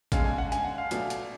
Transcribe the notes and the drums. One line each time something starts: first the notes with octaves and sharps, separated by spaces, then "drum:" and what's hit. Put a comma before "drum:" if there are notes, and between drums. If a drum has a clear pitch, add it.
D3 G#3 C#4 F5, drum: kick G#1, hi-hat
G#5
F#5
G#5, drum: hi-hat
F#5
F5
B2 F#3 A3 D4, drum: hi-hat
drum: hi-hat